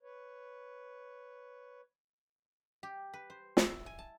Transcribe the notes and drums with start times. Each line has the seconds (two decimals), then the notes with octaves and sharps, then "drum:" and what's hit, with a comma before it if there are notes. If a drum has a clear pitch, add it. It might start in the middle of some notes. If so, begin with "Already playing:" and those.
0.03 B4 C#5
2.83 G4
3.13 B4
3.30 C5
3.57 E4, drum: snare
3.86 G#5
3.99 A5